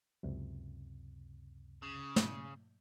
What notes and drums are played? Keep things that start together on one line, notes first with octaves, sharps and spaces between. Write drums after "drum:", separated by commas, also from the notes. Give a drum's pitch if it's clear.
C#2 F#2 C3
C#3
drum: snare